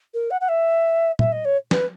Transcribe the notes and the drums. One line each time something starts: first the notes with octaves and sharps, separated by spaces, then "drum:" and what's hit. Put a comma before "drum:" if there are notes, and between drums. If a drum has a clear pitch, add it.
A#4
F#5
F#5
E5
E5, drum: tom A#2
D#5
C#5
B4, drum: snare